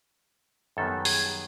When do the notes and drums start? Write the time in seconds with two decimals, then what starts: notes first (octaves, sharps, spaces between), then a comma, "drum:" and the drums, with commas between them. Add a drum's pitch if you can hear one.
0.77 F#2 D#3 G3 B3 A4
1.05 G#4, drum: open hi-hat